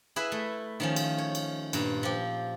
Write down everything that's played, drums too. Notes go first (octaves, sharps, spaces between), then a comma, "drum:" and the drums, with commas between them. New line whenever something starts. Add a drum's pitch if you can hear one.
E4 G#4 B4 E5
A3
D#3 F3 C#4
drum: cymbal
C#5
drum: cymbal
G2 A#2, drum: cymbal
F3 G4